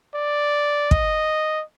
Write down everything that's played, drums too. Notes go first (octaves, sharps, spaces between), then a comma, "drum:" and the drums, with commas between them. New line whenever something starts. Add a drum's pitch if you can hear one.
D5
D#5, drum: kick